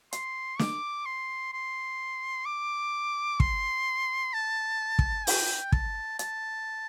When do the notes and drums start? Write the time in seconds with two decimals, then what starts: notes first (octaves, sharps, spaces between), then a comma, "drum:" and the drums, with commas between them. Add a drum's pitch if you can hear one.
0.13 C6, drum: hi-hat
0.59 D6, drum: snare
1.06 C6
1.53 C6
2.45 D6
3.40 C6, drum: kick
4.33 A5
4.99 drum: kick
5.27 G5, drum: open hi-hat
5.72 A5, drum: kick
6.19 A5, drum: hi-hat